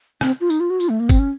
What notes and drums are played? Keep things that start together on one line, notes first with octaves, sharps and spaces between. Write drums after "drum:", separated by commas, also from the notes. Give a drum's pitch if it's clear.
C4, drum: rim click
F4
D#4, drum: tambourine
F4
F#4
F4, drum: tambourine
A3
A#3
C4, drum: kick, tambourine
C#4